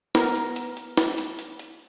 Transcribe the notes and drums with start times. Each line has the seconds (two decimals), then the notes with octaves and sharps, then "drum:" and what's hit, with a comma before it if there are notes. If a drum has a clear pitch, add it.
0.15 B3 A#4, drum: snare
0.36 drum: hi-hat
0.56 drum: hi-hat
0.77 drum: hi-hat
0.97 drum: snare
1.18 drum: hi-hat
1.39 drum: hi-hat
1.59 drum: hi-hat